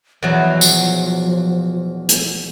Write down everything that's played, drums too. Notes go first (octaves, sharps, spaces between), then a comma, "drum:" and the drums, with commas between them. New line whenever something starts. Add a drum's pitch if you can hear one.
E2 B2 F3 F#3
drum: tambourine
drum: hi-hat